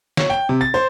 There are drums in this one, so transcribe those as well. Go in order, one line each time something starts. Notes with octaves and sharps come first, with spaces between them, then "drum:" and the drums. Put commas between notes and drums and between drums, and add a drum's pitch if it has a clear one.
C#5, drum: snare
G5
C3
A6
C5